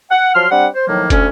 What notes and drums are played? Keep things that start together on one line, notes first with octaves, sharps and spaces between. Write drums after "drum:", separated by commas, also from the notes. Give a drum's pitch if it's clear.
F#5
F3 F#3 C6 F6
G3 C4 D4 F#5
C5
A2 D#3 F3 F#3 A#3
D2 C#4, drum: kick, hi-hat